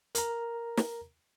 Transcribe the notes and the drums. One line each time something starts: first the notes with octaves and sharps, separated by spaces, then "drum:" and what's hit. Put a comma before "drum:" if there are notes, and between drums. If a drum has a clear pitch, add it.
A#4 A#5, drum: hi-hat
drum: snare